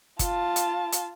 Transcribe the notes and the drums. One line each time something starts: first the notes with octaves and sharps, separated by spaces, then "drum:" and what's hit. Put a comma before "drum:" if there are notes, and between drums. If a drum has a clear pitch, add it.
F4 A5, drum: kick, hi-hat
drum: hi-hat
drum: hi-hat